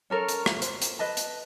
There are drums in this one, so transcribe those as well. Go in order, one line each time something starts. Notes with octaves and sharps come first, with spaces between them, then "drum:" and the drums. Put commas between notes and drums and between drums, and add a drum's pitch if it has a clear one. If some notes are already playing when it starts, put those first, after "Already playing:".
C#4 A4 A#4 C#5
drum: hi-hat
drum: rim click
C5, drum: hi-hat
drum: hi-hat
B4 D#5 A5
drum: hi-hat